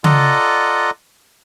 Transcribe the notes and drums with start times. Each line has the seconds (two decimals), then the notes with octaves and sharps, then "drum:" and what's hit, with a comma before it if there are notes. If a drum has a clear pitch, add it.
0.04 F4 A4 D5 D#5 F#5 A#5, drum: tom C#3